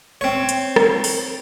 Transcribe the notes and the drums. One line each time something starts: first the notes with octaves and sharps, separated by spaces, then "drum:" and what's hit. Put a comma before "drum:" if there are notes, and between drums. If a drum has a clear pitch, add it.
C4 C#5
drum: hi-hat
drum: rim click
drum: open hi-hat